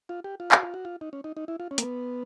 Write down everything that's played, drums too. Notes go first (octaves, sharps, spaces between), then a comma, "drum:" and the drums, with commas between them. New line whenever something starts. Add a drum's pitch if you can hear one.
F4
G4
F4
F#4, drum: clap
F4
F#4
F4
D#4
C#4
D#4
D#4
E4
F4
C#4
A#3, drum: hi-hat
B3